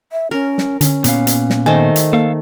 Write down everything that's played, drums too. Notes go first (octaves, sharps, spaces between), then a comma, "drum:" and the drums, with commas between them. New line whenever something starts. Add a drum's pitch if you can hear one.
E5
C#4 A#4
drum: snare
D3 C#4, drum: hi-hat
A#2 B3 F5, drum: hi-hat
drum: hi-hat
drum: snare
D#3 A3 C5 G#5
drum: hi-hat
A#3 A4 F5